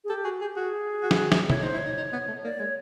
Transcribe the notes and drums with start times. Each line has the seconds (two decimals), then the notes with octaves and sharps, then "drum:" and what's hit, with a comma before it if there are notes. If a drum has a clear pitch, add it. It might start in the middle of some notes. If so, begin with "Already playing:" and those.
0.04 G#4
0.10 G4 A4
0.24 F#4 G#4
0.41 G4 G#4
0.56 F#4 G#4
1.03 F#4
1.11 F4, drum: snare
1.17 F#4
1.32 drum: snare
1.50 E4 C#5, drum: tom C3
1.61 D#4 C5
1.74 E4
1.77 C#5
1.85 D#4
1.97 D#4
2.13 B3
2.28 A3
2.44 A#3 D5
2.59 G#3 C#5